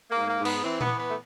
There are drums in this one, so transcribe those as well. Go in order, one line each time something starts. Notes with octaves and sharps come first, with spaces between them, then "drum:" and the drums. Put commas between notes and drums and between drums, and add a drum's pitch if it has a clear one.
A#3
G#2
A#3
G#2
B3, drum: cymbal
E3 C4
B3, drum: tom A#2
E3
B3
A3